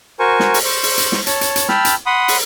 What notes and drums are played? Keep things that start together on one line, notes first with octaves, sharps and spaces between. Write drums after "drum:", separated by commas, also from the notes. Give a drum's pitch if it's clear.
F#4 A#4 C5 G#5 C#6
drum: snare
drum: open hi-hat
C5 C#6
drum: open hi-hat
drum: hi-hat
drum: snare
C#5 A5, drum: hi-hat
drum: hi-hat
drum: hi-hat
G5 A5 B5 E6 F6, drum: snare
drum: hi-hat
F#5 B5 C6 D#6
drum: open hi-hat